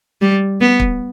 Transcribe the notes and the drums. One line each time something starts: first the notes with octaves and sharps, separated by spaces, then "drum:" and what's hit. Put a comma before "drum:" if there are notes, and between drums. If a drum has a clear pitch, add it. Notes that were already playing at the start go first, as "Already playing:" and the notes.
G3
B3
drum: kick